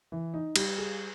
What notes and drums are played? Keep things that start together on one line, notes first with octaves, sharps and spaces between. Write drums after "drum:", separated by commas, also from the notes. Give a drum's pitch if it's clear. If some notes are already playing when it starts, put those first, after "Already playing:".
E3
D#4
G3, drum: cymbal
G#4